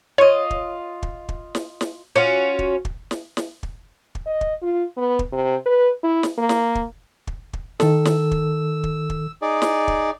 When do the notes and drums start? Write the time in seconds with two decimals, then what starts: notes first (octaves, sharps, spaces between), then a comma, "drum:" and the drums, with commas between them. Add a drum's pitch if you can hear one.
0.18 F4 C#5 D#5
0.50 drum: kick
1.03 drum: kick
1.29 drum: kick
1.55 drum: snare
1.81 drum: snare
2.16 C#4 F4 F#4
2.59 drum: kick
2.85 drum: kick
3.11 drum: snare
3.37 drum: snare
3.63 drum: kick
4.15 drum: kick
4.26 D#5
4.41 drum: kick
4.62 F4
4.97 B3
5.19 drum: kick
5.32 C3
5.65 B4
6.03 E4
6.23 drum: snare
6.38 A#3
6.49 drum: snare
6.75 drum: kick
7.27 drum: kick
7.53 drum: kick
7.80 D#3 A4 E6, drum: snare
8.05 drum: snare
8.31 drum: kick
8.84 drum: kick
9.10 drum: kick
9.42 D#4 G#4 D5
9.62 drum: snare
9.88 drum: kick